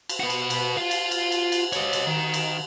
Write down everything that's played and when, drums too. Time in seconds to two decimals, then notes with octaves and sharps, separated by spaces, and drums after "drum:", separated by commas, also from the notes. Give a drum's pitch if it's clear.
0.09 drum: cymbal
0.20 F#4 B4
0.30 drum: cymbal
0.50 drum: cymbal
0.77 F4
0.91 drum: cymbal
1.11 drum: cymbal
1.32 drum: cymbal
1.52 drum: cymbal
1.73 C#5 D#5, drum: cymbal
1.93 drum: cymbal
2.07 D#3
2.34 drum: cymbal